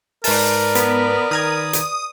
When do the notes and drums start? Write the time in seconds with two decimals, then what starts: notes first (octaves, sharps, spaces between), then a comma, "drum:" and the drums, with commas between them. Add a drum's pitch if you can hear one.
0.24 G#2 A#4 B4 D5 A5, drum: open hi-hat
0.75 B3, drum: hi-hat
1.31 D#3 A#5 D#6 G#6
1.73 drum: hi-hat